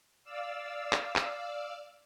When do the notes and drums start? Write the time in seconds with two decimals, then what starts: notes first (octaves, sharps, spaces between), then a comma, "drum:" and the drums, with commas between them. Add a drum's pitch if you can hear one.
0.24 D5 F5 E6
0.93 drum: clap
1.16 drum: clap